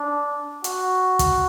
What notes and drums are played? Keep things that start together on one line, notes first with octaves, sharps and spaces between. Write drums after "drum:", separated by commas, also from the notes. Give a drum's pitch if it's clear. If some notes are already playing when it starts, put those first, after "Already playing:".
Already playing: D4
F#4, drum: hi-hat
drum: kick, hi-hat